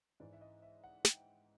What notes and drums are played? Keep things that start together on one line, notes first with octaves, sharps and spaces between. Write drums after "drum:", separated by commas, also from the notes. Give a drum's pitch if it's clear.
G#2 E3 D5
E5
D#5
E5
F#5
G5, drum: snare